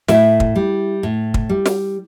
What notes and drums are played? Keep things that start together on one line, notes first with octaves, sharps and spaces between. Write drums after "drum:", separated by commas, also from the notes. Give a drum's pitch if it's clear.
A2 E4 E5, drum: snare
drum: kick
G3
A2
drum: kick
G3
drum: snare